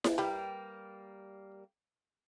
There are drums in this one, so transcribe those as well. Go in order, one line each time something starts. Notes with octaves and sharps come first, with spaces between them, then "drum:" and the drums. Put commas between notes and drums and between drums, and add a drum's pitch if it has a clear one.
drum: snare E4
G3 A#3 G4 B4 G5